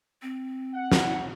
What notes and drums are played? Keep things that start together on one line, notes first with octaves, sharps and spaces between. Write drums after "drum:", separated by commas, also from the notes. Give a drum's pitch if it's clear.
C4
F#5
drum: snare